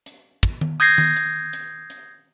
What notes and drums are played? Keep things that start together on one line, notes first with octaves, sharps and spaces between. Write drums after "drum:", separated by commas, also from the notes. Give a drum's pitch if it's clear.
drum: hi-hat
drum: kick, hi-hat
drum: tom D#3
D#6 G6 G#6 A#6 C7, drum: hi-hat
drum: tom D#3
drum: hi-hat
drum: hi-hat
drum: hi-hat